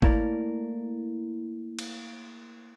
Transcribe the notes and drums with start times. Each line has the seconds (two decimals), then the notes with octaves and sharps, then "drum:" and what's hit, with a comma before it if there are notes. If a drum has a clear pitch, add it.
0.02 A3 A#3 E4 A#4 C#5 D5, drum: kick G#1
1.79 drum: cymbal